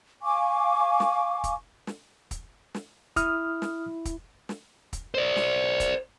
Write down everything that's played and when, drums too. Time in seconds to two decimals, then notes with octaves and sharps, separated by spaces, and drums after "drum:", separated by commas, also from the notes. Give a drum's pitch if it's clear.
0.22 F5 G#5 C#6 D6
1.00 drum: snare
1.44 drum: kick, hi-hat
1.87 drum: snare
2.31 drum: kick, hi-hat
2.75 drum: snare
3.16 E4 D#6 F6, drum: kick, hi-hat
3.62 drum: snare
4.05 drum: kick, hi-hat
4.49 drum: snare
4.93 drum: kick, hi-hat
5.14 C5 D5
5.36 drum: snare
5.80 drum: kick, hi-hat